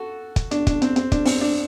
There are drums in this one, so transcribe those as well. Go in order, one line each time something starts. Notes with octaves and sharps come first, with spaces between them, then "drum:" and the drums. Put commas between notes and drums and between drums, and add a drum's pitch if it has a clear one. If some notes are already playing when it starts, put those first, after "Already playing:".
Already playing: F#4 A4
drum: kick, hi-hat
D4, drum: hi-hat
D4, drum: kick, hi-hat
C4, drum: hi-hat
C4, drum: hi-hat
D4, drum: kick, hi-hat
C4, drum: open hi-hat
D4